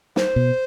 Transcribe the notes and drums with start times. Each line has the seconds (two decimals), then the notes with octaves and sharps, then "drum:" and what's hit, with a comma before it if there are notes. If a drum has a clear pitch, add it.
0.16 C5, drum: snare
0.36 B2